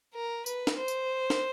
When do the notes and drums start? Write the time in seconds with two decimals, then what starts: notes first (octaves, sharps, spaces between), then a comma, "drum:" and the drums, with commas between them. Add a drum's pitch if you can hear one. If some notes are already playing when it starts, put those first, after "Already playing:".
0.15 A#4
0.46 B4, drum: tambourine
0.67 drum: snare
0.78 C5
0.88 drum: tambourine
1.30 drum: snare